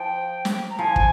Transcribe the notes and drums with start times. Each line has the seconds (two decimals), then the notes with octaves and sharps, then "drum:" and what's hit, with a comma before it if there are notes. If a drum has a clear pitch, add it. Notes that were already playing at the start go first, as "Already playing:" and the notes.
Already playing: F3 G5
0.45 drum: snare
0.70 A#5
0.79 F3 G#5
0.96 drum: kick